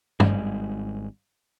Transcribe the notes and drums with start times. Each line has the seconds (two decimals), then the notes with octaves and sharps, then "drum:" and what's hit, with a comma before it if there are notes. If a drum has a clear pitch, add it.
0.20 G#1 G3 G#3, drum: tom G2